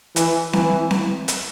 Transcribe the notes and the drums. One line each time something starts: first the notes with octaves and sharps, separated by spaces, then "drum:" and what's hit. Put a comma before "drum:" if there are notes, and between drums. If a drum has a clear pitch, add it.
E3, drum: hi-hat
E3, drum: snare C4
drum: snare C4
drum: hi-hat